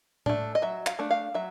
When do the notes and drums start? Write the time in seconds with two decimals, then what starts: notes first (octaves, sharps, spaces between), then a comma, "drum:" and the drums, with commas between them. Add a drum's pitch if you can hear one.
0.26 A3 D4, drum: tom A2
0.55 D#5
0.62 F#3 E5
0.87 F5, drum: clap
0.99 A3 D4
1.11 F5
1.34 F#3 E5